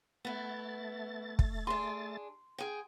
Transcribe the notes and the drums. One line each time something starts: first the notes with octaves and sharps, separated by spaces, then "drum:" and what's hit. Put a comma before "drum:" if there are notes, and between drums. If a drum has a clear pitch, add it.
A3 B3 E4 A6
drum: kick
D4 G#4 C6
G#4 G5